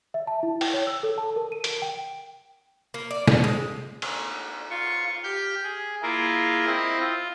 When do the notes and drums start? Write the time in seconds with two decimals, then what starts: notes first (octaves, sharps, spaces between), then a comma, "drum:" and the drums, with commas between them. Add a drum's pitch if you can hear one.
0.14 E5
0.27 A5
0.43 E4
0.61 G5, drum: open hi-hat
0.74 C#5
0.87 E6
1.03 A4
1.18 A5
1.36 A#4
1.52 D#7
1.64 D7, drum: hi-hat
1.82 G5
2.94 A#3
3.11 D5
3.28 F3, drum: snare
3.44 G#3
4.02 drum: cymbal
4.70 F4 C#6
5.24 G4 F6 G6
5.63 G#4
6.02 A#3 E4 F4 G#4 A#4
6.67 C4 E4 D#5
7.00 F4